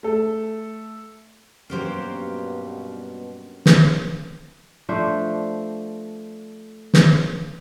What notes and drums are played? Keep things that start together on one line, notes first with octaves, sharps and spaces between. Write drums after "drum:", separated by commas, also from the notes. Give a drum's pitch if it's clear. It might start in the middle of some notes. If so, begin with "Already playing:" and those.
A3 A4
G2 B2 F#3 A#3 C#4 G4 C5
drum: snare
F3 A3 D4 C5
drum: snare